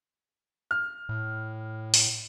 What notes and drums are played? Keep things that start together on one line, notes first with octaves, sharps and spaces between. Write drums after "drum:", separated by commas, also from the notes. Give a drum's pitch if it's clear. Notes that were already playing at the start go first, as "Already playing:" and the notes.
F6
A2
drum: open hi-hat